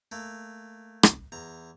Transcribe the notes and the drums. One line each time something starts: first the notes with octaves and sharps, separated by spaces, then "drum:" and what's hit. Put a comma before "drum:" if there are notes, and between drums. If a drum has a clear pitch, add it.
A3 A#3
drum: rim click
E2 A#5